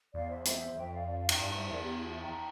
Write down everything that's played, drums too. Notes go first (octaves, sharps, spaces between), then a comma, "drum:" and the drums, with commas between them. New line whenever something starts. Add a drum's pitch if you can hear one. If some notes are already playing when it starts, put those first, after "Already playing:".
E2 D5 F5
C5 E5
C5 E5, drum: hi-hat
F2 E5 G5
D5 F5
D5 F5
D5 F5
E5 G5, drum: cymbal
G2 D5 F5
G2 C5 E5
E2 A#4 D5
G4
F4
C5 E5
G5 A#5